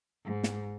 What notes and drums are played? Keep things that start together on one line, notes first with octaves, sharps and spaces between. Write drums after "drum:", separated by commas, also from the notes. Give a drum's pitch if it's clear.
G#2
drum: snare